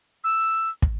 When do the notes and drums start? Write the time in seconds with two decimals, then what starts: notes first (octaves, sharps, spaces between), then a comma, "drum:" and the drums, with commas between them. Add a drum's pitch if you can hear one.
0.24 E6
0.82 drum: kick